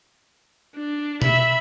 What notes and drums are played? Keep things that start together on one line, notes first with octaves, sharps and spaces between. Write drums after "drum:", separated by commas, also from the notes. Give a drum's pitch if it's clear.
D4
E5 B5, drum: tom B2